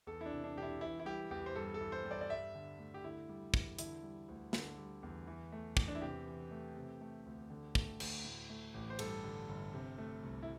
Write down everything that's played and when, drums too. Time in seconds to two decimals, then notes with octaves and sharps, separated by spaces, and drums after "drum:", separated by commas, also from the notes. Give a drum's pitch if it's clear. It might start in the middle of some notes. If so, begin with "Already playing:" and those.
0.07 E2 A4
0.21 E4
0.26 D4
0.32 C3
0.44 D4
0.56 E1 G4
0.62 E4
0.81 E3 E4
0.99 E4
1.06 G3 G4
1.31 E2 G4
1.46 C5
1.55 G2 A4
1.74 A4
1.81 E3
1.92 C5
2.05 G3
2.11 D5
2.21 D5
2.30 G2 E5
2.55 D3
2.79 A3
2.94 G4
3.04 D3 E4
3.29 G3
3.54 E2, drum: kick
3.79 D3 E4, drum: hi-hat
4.03 G3
4.28 D2
4.53 D3, drum: snare
4.78 G3
5.03 E2
5.27 E3
5.52 A3
5.77 E2, drum: kick
5.88 D4
5.95 E4
6.02 C3 G4
6.26 E3
6.51 A3
6.77 C3
7.01 A3
7.26 D2
7.50 D3
7.75 A3, drum: kick
8.00 D2, drum: cymbal
8.25 A2
8.50 A3
8.74 A1
8.90 C5
8.99 G2 A4, drum: cymbal
9.24 D3
9.49 G1
9.74 C3
9.98 A3
10.23 C2
10.43 E4